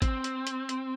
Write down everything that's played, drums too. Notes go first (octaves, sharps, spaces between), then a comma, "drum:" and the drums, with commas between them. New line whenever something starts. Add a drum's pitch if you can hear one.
C4, drum: kick, hi-hat
drum: hi-hat
drum: hi-hat
drum: hi-hat